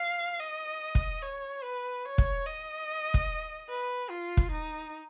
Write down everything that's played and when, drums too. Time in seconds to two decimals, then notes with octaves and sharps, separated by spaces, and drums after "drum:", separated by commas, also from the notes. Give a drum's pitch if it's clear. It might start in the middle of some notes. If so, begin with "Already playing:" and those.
Already playing: F5
0.40 D#5
0.95 drum: kick
1.22 C#5
1.63 B4
2.05 C#5
2.18 drum: kick
2.46 D#5
3.14 drum: kick
3.69 B4
4.10 F4
4.37 drum: kick
4.51 D#4